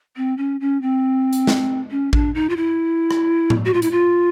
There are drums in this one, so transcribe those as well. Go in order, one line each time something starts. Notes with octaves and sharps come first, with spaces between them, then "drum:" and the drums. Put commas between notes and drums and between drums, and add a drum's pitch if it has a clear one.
C4
C#4
C#4
C4
drum: hi-hat
drum: snare
C#4
D4, drum: kick A1
D#4
F4
E4
drum: rim click
drum: tom A2
F#4
F4
E4, drum: hi-hat
F4